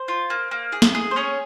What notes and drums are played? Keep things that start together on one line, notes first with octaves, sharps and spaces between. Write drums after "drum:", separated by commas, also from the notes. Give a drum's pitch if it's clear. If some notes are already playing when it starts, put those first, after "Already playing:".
Already playing: C5
F4
A#3
A#3
G#4
drum: snare
G#4
C5
C#4 G#4 C#5